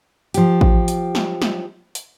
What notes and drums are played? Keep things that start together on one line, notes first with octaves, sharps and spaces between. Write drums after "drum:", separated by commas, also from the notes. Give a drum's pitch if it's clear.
F3 G4, drum: hi-hat
drum: kick A1
drum: hi-hat
drum: snare
drum: snare
drum: hi-hat